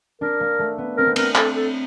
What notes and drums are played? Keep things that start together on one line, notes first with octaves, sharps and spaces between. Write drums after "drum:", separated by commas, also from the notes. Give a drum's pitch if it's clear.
D4 A#4
A#3
A3
B3
C4 A#4
B3
C4 A#4, drum: cymbal
A4, drum: clap
A4